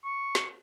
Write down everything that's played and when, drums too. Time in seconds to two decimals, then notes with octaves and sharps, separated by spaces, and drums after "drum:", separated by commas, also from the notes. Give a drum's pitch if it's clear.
0.04 C#6
0.35 drum: snare